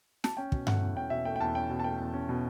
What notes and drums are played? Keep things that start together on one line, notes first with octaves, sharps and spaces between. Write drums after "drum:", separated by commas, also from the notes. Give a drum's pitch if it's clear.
A5, drum: snare
C#4 G5
B2, drum: kick
A3 F#5, drum: tom G2
E2
C#4 G5
B2 E5
A3 G5
G5
E2 A5
C#4 G5
B2
A5
A3 G5
E2
C#4
B2